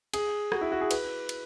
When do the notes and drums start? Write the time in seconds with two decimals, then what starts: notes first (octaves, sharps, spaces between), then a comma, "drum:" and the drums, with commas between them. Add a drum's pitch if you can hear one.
0.14 G#4, drum: cymbal
0.52 F#4, drum: rim click
0.61 E4
0.72 F#4
0.81 G#4
0.91 B4, drum: cymbal
1.29 drum: cymbal